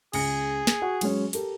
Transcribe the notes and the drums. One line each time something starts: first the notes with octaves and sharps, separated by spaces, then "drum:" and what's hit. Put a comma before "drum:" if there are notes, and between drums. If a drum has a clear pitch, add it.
C#2 G#4 C#7, drum: cymbal
drum: snare
F#4 F#5
F#3 G#3 C#4, drum: cymbal
G4 A4 A#4, drum: hi-hat